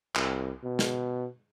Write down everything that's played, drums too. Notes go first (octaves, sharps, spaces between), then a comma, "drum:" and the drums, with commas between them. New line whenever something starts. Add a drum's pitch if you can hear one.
C2, drum: clap
B2
drum: snare